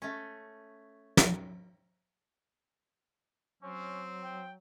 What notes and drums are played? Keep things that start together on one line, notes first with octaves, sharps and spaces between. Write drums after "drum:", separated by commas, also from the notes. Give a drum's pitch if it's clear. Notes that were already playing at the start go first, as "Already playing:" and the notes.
A3 C#4
drum: snare
F#3 C4 C#4
G5